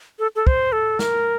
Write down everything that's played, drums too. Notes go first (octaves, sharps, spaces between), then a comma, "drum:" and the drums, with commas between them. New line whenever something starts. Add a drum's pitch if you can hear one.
A4
A4
C5, drum: kick
A4
A#4, drum: snare